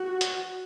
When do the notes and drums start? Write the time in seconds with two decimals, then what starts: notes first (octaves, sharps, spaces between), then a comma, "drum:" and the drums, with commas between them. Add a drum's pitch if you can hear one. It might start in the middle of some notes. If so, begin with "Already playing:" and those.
Already playing: F#4
0.21 drum: hi-hat